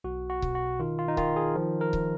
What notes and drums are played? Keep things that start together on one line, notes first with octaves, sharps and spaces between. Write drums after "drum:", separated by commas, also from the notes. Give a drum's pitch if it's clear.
B1 F#4
F#4
B2, drum: kick C#1
F#4
D#3 F4
F4
D#4
D#3 F4, drum: kick C#1
G#4
F3
A#4
drum: kick C#1